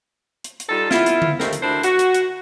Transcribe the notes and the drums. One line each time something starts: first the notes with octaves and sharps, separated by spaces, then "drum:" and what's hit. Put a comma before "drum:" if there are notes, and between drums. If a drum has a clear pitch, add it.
drum: hi-hat
drum: hi-hat
G3 D#4 F4 A4
B3 E4 F4, drum: snare
drum: hi-hat
drum: tom D3
D#2 C#3 A3 C4 D#4 A#4, drum: snare
drum: hi-hat
D2 D4 E4 A#4 C5
F#4, drum: hi-hat
drum: hi-hat
drum: hi-hat